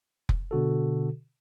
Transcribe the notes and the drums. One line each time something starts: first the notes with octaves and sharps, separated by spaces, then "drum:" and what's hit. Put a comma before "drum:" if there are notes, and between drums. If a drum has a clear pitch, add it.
drum: kick F1
B2 D3 F#4 A4